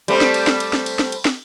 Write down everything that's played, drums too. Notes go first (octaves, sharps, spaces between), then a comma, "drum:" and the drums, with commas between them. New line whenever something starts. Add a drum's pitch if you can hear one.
G3 A3 C4, drum: cymbal
drum: snare
drum: cymbal
drum: snare
drum: cymbal
drum: snare
drum: cymbal
drum: snare
drum: cymbal
drum: snare